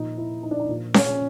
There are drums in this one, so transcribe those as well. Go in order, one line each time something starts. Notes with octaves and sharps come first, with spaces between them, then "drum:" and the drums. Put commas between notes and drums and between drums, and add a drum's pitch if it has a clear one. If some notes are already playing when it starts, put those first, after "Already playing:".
Already playing: A#2 F3 D#4
E4
D#4
D4
D#4
A#2 F3
C#4, drum: snare C#4